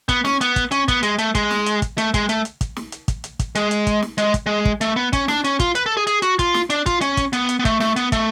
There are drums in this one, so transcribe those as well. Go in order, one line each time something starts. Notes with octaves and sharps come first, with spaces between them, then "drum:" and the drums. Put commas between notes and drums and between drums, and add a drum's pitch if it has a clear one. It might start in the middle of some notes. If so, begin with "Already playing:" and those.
B3, drum: kick, hi-hat
C#4, drum: snare
B3, drum: hi-hat
drum: kick, hi-hat
C#4, drum: hi-hat
B3, drum: kick, hi-hat
G#3, drum: hi-hat
A3, drum: hi-hat
G#3, drum: kick, hi-hat
drum: snare
drum: hi-hat
drum: kick, hi-hat
A3, drum: hi-hat
G#3, drum: kick, hi-hat
A3, drum: hi-hat
drum: hi-hat
drum: kick, hi-hat
drum: snare
drum: hi-hat
drum: kick, hi-hat
drum: hi-hat
drum: kick, hi-hat
G#3, drum: hi-hat
drum: hi-hat
drum: kick, hi-hat
drum: snare
G#3, drum: hi-hat
drum: kick, hi-hat
G#3
drum: kick
A3, drum: hi-hat
B3
C#4, drum: kick, hi-hat
D4, drum: snare
C#4, drum: hi-hat
F4, drum: kick, hi-hat
B4, drum: hi-hat
A4
G#4
G#4, drum: hi-hat
F#4, drum: hi-hat
F4, drum: kick, hi-hat
drum: snare
D4, drum: hi-hat
F4, drum: kick, hi-hat
C#4, drum: hi-hat
drum: kick, hi-hat
B3, drum: hi-hat
drum: hi-hat
B3
A3, drum: kick, hi-hat
A3, drum: snare
B3, drum: hi-hat
A3, drum: kick, hi-hat